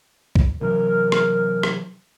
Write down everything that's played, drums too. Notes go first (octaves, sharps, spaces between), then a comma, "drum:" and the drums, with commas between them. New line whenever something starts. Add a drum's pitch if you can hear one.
drum: kick C2
C3 E3 F#3 A#4
drum: rim click
drum: rim click